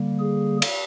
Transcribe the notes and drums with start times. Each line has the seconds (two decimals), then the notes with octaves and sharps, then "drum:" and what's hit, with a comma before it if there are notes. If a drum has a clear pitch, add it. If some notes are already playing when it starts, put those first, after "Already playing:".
Already playing: D3 G3 A#3
0.20 G#4
0.62 drum: cymbal